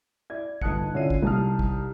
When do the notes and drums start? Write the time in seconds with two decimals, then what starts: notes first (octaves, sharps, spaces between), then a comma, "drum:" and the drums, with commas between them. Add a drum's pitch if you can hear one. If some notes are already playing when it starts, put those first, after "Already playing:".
0.30 E4 D5 G#6
0.61 G1 D#4 A5 D#6 F#6 C#7, drum: kick
0.94 D3 C#4 E4 F4 C7 D#7
1.10 drum: kick
1.23 C2 D#4 A5 D#6 F6
1.59 drum: kick